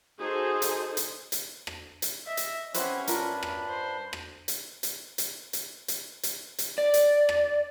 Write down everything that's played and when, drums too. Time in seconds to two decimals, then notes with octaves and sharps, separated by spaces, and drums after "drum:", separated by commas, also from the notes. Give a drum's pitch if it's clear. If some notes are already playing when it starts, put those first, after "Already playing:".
0.19 D#4 F#4 G#4 A4 C5
0.62 drum: hi-hat
0.97 drum: hi-hat
1.32 drum: hi-hat
1.67 drum: rim click
2.02 drum: hi-hat
2.27 D#5 E5
2.37 drum: hi-hat
2.74 C4 C#4 E4 G4 B4 C5 F#5, drum: hi-hat
3.07 G2 D4 F4 A#4 B5, drum: hi-hat
3.43 drum: rim click
3.69 C5
4.13 drum: rim click
4.48 drum: hi-hat
4.83 drum: hi-hat
5.18 drum: hi-hat
5.53 drum: hi-hat
5.88 drum: hi-hat
6.23 drum: hi-hat
6.59 drum: hi-hat
6.78 D5
6.94 drum: hi-hat
7.29 drum: rim click